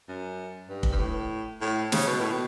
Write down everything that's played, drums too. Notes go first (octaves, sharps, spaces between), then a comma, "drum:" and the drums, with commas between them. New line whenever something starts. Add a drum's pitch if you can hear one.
F#2
G2
drum: kick
G2
A2
A2
C#3, drum: snare
B2
A2
B2